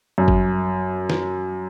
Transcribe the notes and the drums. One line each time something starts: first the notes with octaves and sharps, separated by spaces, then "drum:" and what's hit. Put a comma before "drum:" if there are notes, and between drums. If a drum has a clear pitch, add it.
F#2
drum: kick G1
drum: snare